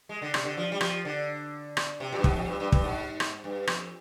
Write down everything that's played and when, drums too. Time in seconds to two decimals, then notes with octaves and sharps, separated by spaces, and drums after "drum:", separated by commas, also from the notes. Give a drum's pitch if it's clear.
0.09 G#3
0.22 D3
0.34 C3, drum: rim click
0.45 D3
0.57 F3
0.72 G3
0.81 F3, drum: rim click
1.05 D3
1.77 drum: rim click
2.00 C3
2.12 A#2
2.19 G2
2.24 G#2, drum: kick
2.36 F2
2.48 G2
2.60 G2
2.72 G2, drum: kick
2.84 G#2
3.20 drum: rim click
3.44 G2
3.67 F2, drum: rim click